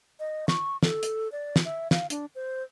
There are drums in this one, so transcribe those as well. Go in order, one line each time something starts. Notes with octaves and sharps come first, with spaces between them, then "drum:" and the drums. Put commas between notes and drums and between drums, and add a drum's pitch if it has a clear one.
D#5
C#6, drum: snare
A4, drum: snare
drum: hi-hat
D5
drum: snare
E5
F5, drum: snare
D4, drum: hi-hat
C5